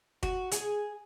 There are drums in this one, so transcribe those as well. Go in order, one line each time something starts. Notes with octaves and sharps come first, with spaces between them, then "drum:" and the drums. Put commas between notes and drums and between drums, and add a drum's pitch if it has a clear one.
F#4, drum: kick
G#4, drum: hi-hat